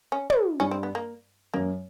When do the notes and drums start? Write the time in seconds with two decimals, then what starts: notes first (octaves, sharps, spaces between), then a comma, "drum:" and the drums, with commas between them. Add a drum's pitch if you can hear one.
0.12 C#4
0.30 drum: tom
0.60 G2 C#4
0.71 C4
0.83 B3
0.95 A#3
1.54 F#2 A#3